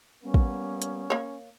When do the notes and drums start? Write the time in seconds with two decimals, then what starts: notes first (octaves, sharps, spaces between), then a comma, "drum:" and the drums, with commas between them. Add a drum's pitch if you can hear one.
0.23 G3 A#3 B3 C#4
0.34 drum: kick
0.82 drum: hi-hat
1.10 A#3 C#5